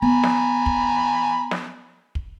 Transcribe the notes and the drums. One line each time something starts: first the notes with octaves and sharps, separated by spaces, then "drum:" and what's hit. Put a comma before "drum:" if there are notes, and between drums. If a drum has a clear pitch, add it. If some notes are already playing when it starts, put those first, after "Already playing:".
B3 G#5 A#5 B5
drum: snare
drum: kick
drum: snare
drum: kick